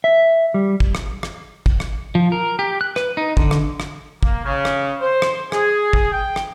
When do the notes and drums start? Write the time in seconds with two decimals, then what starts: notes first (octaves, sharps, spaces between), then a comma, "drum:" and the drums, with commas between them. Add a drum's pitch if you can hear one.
0.04 E5
0.54 G3
0.80 drum: kick
0.95 drum: rim click
1.23 drum: rim click
1.66 drum: kick
1.80 drum: rim click
2.15 F3
2.32 A#4
2.59 G4
2.81 F#6
2.96 B4, drum: rim click
3.17 D#4
3.37 D3, drum: kick
3.51 drum: rim click
3.80 drum: rim click
4.23 A#3, drum: kick
4.44 C#3
4.65 drum: rim click
5.01 C5
5.22 drum: rim click
5.52 G#4, drum: rim click
5.93 drum: kick
6.11 G5
6.36 drum: rim click